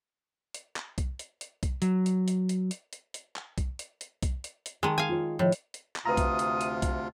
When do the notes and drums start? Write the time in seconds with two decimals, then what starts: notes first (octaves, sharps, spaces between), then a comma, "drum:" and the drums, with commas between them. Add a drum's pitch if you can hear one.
0.54 drum: hi-hat
0.76 drum: clap
0.98 drum: kick B1, hi-hat
1.19 drum: hi-hat
1.41 drum: hi-hat
1.63 drum: kick B1, hi-hat
1.82 F#3, drum: hi-hat
2.06 drum: hi-hat
2.28 drum: hi-hat
2.49 drum: hi-hat
2.71 drum: hi-hat
2.93 drum: hi-hat
3.14 drum: hi-hat
3.36 drum: clap
3.58 drum: kick B1, hi-hat
3.79 drum: hi-hat
4.01 drum: hi-hat
4.23 drum: kick B1, hi-hat
4.44 drum: hi-hat
4.66 drum: hi-hat
4.83 D#3 G#3 A5
4.98 F5 G#5
5.09 F4 C#5
5.39 A2 D#3 F3
5.52 drum: hi-hat
5.74 drum: hi-hat
5.96 drum: clap
6.05 D2 C3 F4 B4 A#5 D#6
6.17 drum: kick B1, hi-hat
6.39 drum: hi-hat
6.61 drum: hi-hat
6.82 drum: kick B1, hi-hat